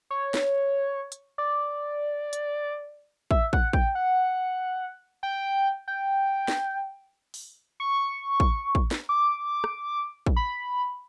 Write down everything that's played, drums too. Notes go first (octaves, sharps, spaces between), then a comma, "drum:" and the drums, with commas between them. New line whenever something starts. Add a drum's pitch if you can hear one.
C#5
drum: snare
drum: hi-hat
D5
drum: hi-hat
E5, drum: kick
F#5, drum: kick
G5, drum: kick
F#5
G5
G5
drum: snare
drum: open hi-hat
C#6
drum: kick
drum: kick
drum: snare
D6
drum: rim click
drum: kick
B5